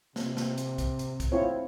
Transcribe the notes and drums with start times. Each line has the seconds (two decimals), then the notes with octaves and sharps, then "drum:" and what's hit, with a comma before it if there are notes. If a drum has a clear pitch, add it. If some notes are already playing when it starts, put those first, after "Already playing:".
0.16 C3, drum: snare
0.37 drum: snare
0.58 drum: hi-hat
0.78 drum: kick, hi-hat
0.99 drum: hi-hat
1.20 drum: kick, hi-hat
1.32 C4 E4 F4 C#5